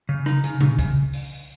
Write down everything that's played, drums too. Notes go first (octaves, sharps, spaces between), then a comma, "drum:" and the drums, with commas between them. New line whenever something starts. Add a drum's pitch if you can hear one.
C#3
D#4, drum: rim click
C#3, drum: hi-hat
C#3, drum: tom A#2
C#3, drum: kick, hi-hat
drum: open hi-hat